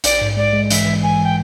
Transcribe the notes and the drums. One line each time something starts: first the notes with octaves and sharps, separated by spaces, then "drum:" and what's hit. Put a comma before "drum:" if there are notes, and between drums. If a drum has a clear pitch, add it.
A#1 D5, drum: hi-hat
G#2
G#3 D5
G#3
E3 E5, drum: hi-hat
E3
E3 G#5
E3
G5